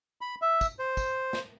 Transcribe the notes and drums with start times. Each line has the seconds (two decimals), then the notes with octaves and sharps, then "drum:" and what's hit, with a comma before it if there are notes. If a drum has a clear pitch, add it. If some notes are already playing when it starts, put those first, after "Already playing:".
0.21 B5
0.42 E5
0.61 drum: kick, tambourine
0.79 C5
0.97 drum: kick, tambourine
1.33 drum: snare